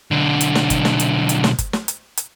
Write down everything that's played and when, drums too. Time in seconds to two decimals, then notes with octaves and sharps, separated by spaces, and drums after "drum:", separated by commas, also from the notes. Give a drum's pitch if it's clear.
0.11 B1 D3
0.41 drum: hi-hat
0.55 drum: snare
0.70 drum: kick G1, hi-hat
0.85 drum: snare
1.00 drum: hi-hat
1.29 drum: hi-hat
1.44 drum: snare
1.58 drum: kick G1, hi-hat
1.73 drum: snare
1.88 drum: hi-hat
2.17 drum: hi-hat